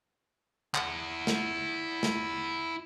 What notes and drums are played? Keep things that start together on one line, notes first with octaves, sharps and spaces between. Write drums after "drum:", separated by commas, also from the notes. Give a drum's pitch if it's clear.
E4 F#5, drum: clap
drum: snare
drum: snare